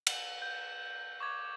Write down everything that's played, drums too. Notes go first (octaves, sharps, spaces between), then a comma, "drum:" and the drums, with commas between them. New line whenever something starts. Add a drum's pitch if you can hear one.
F#7, drum: cymbal
G6
C#6 D6 G#6